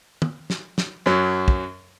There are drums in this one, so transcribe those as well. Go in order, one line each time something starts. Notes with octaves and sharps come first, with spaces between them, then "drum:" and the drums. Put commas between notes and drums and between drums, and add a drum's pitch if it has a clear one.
drum: tom
drum: snare
drum: snare
F#2 F#3
drum: kick